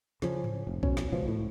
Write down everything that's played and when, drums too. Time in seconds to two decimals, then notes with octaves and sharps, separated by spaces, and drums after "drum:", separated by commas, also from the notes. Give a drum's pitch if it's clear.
0.22 C#3 F3 C#4, drum: snare
0.44 drum: tom G#2
0.67 F1
0.83 B2 C#4, drum: kick B1
0.97 drum: snare
1.12 C#2 B2 F3
1.28 A2